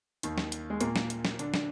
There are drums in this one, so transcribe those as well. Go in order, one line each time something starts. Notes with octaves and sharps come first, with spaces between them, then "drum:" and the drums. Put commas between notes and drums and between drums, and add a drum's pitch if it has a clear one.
D#2 D#3, drum: hi-hat
drum: snare
drum: hi-hat
G#3
A#2 A#3, drum: hi-hat
drum: snare
drum: hi-hat
drum: snare
D3 D4, drum: hi-hat
drum: snare